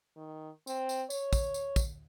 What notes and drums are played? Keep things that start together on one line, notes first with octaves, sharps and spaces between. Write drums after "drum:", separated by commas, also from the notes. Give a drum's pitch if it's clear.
D#3
C4, drum: tambourine
drum: tambourine
C#5, drum: tambourine
drum: kick, tambourine
drum: tambourine
drum: kick, tambourine